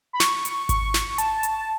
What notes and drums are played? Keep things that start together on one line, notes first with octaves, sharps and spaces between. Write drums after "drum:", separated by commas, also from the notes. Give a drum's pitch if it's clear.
B5
C#6, drum: snare
drum: hi-hat
C#6, drum: kick G#1, hi-hat
drum: snare
A5, drum: hi-hat
drum: hi-hat